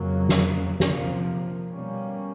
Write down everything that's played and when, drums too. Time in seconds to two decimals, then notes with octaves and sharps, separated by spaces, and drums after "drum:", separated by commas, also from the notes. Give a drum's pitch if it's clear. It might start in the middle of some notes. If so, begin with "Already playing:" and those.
Already playing: F2 C#3 F#3 A#3
0.29 drum: snare
0.80 C3 F3 A#3, drum: snare
1.71 B2 G3 A#3 C#4